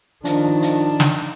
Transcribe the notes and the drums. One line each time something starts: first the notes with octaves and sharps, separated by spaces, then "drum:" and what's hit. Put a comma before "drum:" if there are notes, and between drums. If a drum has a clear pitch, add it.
D#3 F3 D4, drum: hi-hat
drum: hi-hat
drum: snare